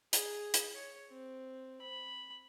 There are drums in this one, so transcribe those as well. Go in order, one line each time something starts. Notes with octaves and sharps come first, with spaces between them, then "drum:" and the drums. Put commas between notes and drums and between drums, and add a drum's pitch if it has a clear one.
G#4, drum: hi-hat
drum: hi-hat
C#5
C4
B5